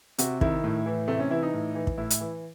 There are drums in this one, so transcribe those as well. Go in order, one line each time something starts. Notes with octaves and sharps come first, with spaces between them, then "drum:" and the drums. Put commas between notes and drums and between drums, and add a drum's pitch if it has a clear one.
C3 F#4, drum: hi-hat
D#3 E4, drum: kick
A2
E3
C3 A3
C#4
E3 E4
D#4
A2
E3
drum: kick
A2 E4
drum: hi-hat
E3